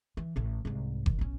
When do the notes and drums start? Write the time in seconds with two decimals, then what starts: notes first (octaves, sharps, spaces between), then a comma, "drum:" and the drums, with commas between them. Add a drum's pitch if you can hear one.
0.17 E3
0.36 A1 A2
0.65 C2 G#2
1.06 D#3, drum: kick F#1
1.19 B1 C#4